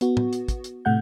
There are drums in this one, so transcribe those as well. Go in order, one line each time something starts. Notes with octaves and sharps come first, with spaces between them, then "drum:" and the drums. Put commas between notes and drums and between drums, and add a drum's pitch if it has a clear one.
B3 F#4, drum: hi-hat
drum: tom A2
drum: hi-hat
drum: kick, hi-hat
drum: hi-hat
A2 C3 A3 F#5 G6